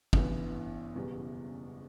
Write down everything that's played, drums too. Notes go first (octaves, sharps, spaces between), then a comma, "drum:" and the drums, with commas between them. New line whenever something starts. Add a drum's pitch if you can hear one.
A1 G2 E3 B3, drum: kick
F#1 E2 B2 G3